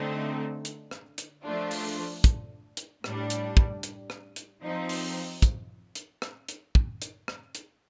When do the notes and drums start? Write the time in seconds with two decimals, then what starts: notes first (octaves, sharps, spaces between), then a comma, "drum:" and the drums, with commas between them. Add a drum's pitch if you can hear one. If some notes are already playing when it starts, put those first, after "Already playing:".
Already playing: D3 A3 C4 D#4
0.65 drum: hi-hat
0.91 drum: rim click
1.18 drum: hi-hat
1.44 F3 A3 D4 F4
1.71 drum: open hi-hat
2.24 drum: kick, hi-hat
2.77 drum: hi-hat
3.04 A2 G3 D4, drum: rim click
3.30 drum: hi-hat
3.57 drum: kick
3.83 drum: hi-hat
4.10 drum: rim click
4.36 drum: hi-hat
4.62 F3 C4 D#4
4.89 drum: open hi-hat
5.42 drum: kick, hi-hat
5.95 drum: hi-hat
6.22 drum: rim click
6.49 drum: hi-hat
6.75 drum: kick
7.02 drum: hi-hat
7.28 drum: rim click
7.55 drum: hi-hat